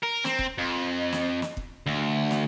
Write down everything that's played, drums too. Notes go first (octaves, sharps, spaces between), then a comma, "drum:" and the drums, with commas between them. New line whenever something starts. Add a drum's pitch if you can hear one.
A#4
C4, drum: snare
drum: kick
F2
drum: snare
drum: snare
drum: kick
D2
drum: snare